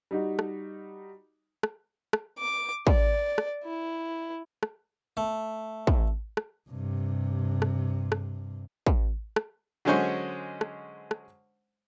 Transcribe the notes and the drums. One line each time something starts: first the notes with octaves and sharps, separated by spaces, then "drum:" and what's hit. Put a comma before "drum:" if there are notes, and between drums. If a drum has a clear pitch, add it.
G3 D#4 F#4
drum: rim click
drum: rim click
drum: rim click
D6
D5, drum: kick
drum: rim click
E4
drum: rim click
A3
drum: kick
drum: rim click
G2 C3
drum: rim click
drum: rim click
drum: kick
drum: rim click
D3 F#3 G#3 C#4 C5 C#6
drum: rim click
drum: rim click